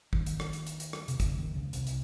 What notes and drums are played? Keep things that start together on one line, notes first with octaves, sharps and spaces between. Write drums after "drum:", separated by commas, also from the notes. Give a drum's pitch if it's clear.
D#2 D#3, drum: kick
drum: hi-hat
drum: rim click
drum: hi-hat
drum: hi-hat
drum: hi-hat
drum: rim click
C3, drum: hi-hat
C#2 C#3, drum: kick, hi-hat
D#2 D#3
C#2 C#3
C2 C3, drum: hi-hat
drum: hi-hat